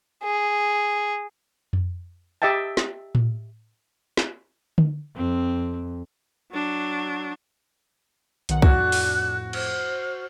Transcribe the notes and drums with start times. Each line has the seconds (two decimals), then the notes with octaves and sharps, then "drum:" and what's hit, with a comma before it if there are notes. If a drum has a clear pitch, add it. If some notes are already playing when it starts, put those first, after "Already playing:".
0.23 G#4
1.73 drum: tom F2
2.42 G4 D#5 E5 G5 A5
2.77 drum: snare
3.15 drum: tom A2
4.17 drum: snare
4.78 drum: tom D3
5.16 F2 C4
6.52 F#3 D4
8.49 B1 D#3 F#5, drum: hi-hat
8.62 F2 A2 D4 F#4 F#5 F#6, drum: kick C2
8.92 drum: open hi-hat
9.53 C5 F6, drum: cymbal